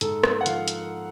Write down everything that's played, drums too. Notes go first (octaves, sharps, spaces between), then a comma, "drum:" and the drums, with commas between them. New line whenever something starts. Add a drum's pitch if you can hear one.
G#2 A4, drum: hi-hat
drum: rim click
F#5
F3 F5, drum: hi-hat
drum: hi-hat